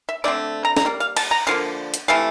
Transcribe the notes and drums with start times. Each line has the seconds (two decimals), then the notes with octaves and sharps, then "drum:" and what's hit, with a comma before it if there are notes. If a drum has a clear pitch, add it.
0.09 E5
0.24 D3 A3 C4 D5
0.65 A#5
0.77 A#5, drum: snare
0.85 G3 A#3
1.00 F5
1.17 A5, drum: cymbal
1.31 A#5
1.47 D3 F3 A#3 F5
1.94 drum: hi-hat
2.08 C3 E3 A3 F5